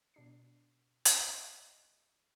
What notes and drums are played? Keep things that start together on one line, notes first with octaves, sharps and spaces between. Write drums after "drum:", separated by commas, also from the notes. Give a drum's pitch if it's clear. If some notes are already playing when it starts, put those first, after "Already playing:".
B2 D4 C7
drum: hi-hat
D#5 E5 D6 G#6 A#6 C7